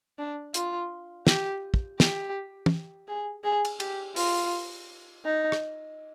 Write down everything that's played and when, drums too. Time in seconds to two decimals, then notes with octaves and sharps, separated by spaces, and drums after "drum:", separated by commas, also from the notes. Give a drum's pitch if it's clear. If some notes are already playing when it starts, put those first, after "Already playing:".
0.19 D4
0.54 F4, drum: hi-hat
1.27 G4, drum: snare
1.74 drum: kick
2.00 G4, drum: snare
2.66 drum: tom
3.08 G#4
3.44 G#4
3.65 drum: cymbal
3.80 G4, drum: cymbal
4.16 F4, drum: open hi-hat
5.25 D#4
5.52 drum: rim click